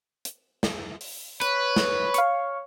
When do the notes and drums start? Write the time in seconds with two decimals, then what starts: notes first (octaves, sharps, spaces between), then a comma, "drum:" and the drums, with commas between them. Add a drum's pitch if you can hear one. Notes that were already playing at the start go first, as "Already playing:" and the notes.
0.25 drum: hi-hat
0.63 drum: snare
1.01 drum: open hi-hat
1.41 B4 C#5, drum: hi-hat
1.76 drum: snare
2.14 F5 C#6, drum: hi-hat